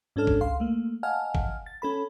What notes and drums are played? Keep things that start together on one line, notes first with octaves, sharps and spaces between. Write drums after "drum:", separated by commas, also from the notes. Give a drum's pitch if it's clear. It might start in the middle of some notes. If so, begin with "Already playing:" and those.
G#2 C#4 D4 A4 F6
drum: kick
C#2 F5 C6
A3 A#3
D#5 F5 F#5 G#5 A5 F6
drum: kick
A6
C#4 A4 B5